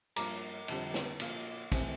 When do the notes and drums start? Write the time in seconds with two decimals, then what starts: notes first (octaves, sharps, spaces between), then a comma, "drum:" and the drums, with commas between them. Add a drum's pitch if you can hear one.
0.16 G2 F3 A#3 A#5 D6, drum: cymbal
0.68 F2 D3 G3 C4, drum: cymbal
0.94 drum: snare
1.20 A#2 F3 A#3, drum: cymbal
1.72 C3 E3 A3 C4, drum: kick, cymbal